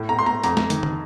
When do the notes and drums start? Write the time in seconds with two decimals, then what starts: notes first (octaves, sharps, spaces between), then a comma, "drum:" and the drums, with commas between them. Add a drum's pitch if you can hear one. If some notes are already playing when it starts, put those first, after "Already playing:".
Already playing: A2
0.09 A#5
0.19 C6
0.26 A#5
0.44 F2 A#5, drum: hi-hat
0.57 drum: snare
0.70 D#3, drum: hi-hat
0.83 drum: tom